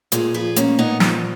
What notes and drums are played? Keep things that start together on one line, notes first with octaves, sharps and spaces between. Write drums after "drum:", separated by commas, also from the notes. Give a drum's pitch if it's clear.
A#2 F4 G#4, drum: hi-hat
F3 G#4 B4
A#2 A#3 C#4, drum: hi-hat
A#2 B3 D#4
F3 B3 D#4, drum: snare